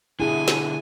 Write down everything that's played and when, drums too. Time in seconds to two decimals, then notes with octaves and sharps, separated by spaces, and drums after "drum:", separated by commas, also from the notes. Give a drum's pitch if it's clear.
0.20 B2 D3 E4 G#4 G#5
0.48 drum: snare